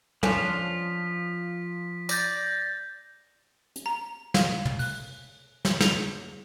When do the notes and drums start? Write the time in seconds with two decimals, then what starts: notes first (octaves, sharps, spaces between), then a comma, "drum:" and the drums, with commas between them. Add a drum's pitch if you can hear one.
0.23 F3 C#4 D4 F4 B6, drum: tom
2.09 D5 G6 A6 A#6, drum: tambourine
3.76 drum: hi-hat
3.86 A#5
4.34 F5, drum: snare
4.65 drum: tom
4.79 F#6, drum: open hi-hat
5.65 drum: snare
5.81 G#4, drum: snare